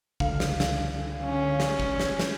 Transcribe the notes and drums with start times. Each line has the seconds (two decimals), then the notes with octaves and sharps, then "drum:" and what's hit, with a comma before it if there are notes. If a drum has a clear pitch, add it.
0.20 C#2 D3 F5, drum: kick
0.40 drum: snare
0.60 drum: snare
1.25 C#4
1.60 drum: snare
1.80 drum: kick
2.00 drum: snare
2.19 drum: snare